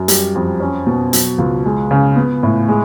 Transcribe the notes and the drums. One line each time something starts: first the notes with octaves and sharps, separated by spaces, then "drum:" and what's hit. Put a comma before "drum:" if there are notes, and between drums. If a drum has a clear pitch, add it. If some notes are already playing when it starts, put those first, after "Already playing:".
Already playing: F#2
G3, drum: hi-hat
F2
C#4
B2
F#3, drum: hi-hat
C#2
G#3
C#3
B3
A2
G#3